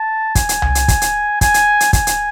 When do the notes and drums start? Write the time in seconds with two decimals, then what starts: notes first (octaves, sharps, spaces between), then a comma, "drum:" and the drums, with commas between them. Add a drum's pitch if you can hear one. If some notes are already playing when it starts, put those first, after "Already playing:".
Already playing: A5
0.35 G#5, drum: kick, hi-hat
0.49 drum: hi-hat
0.62 drum: tom C2
0.75 drum: hi-hat
0.88 drum: kick, hi-hat
1.01 drum: hi-hat
1.41 G#5, drum: kick, hi-hat
1.54 drum: hi-hat
1.80 drum: hi-hat
1.93 G#5, drum: kick, hi-hat
2.07 drum: hi-hat